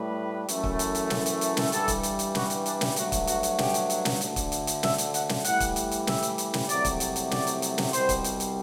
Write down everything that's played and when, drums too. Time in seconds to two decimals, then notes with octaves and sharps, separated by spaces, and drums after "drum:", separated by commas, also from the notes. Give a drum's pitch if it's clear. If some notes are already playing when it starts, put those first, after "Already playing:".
Already playing: A2 G3 B4
0.48 F#2 E3 A3, drum: hi-hat
0.64 drum: kick
0.79 drum: hi-hat
0.95 drum: hi-hat
1.10 drum: snare
1.26 drum: hi-hat
1.41 drum: hi-hat
1.57 drum: snare
1.72 G2 E3 G3 A4, drum: hi-hat
1.88 drum: kick, hi-hat
2.03 drum: hi-hat
2.19 drum: hi-hat
2.35 F#4, drum: snare
2.50 drum: hi-hat
2.66 D4, drum: hi-hat
2.81 drum: snare
2.96 G2 F#3 A3 F#4, drum: hi-hat
3.12 drum: kick, hi-hat
3.27 F#4, drum: hi-hat
3.43 drum: hi-hat
3.58 G4, drum: snare
3.74 drum: hi-hat
3.90 drum: hi-hat
4.05 drum: snare
4.21 D2 D3 A3, drum: hi-hat
4.36 drum: kick, hi-hat
4.52 drum: hi-hat
4.67 drum: hi-hat
4.83 E5, drum: snare
4.98 drum: hi-hat
5.14 F#5, drum: hi-hat
5.29 drum: snare
5.45 A2 E3 G3 F#5, drum: hi-hat
5.60 drum: kick, hi-hat
5.76 drum: hi-hat
5.91 drum: hi-hat
6.07 E5, drum: snare
6.23 drum: hi-hat
6.38 drum: hi-hat
6.54 drum: snare
6.69 C2 C3 F#3 A3 D5, drum: hi-hat
6.85 drum: kick, hi-hat
7.00 drum: hi-hat
7.16 drum: hi-hat
7.31 D5, drum: snare
7.47 drum: hi-hat
7.62 drum: hi-hat
7.78 drum: snare
7.93 C2 B2 G3 C5, drum: hi-hat
8.09 drum: kick, hi-hat
8.24 drum: hi-hat
8.40 drum: hi-hat